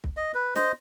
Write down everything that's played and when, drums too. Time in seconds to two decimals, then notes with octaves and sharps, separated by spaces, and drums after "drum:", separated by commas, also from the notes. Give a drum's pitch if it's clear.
0.04 drum: kick
0.17 D#5
0.34 B4
0.56 C5 D#5, drum: snare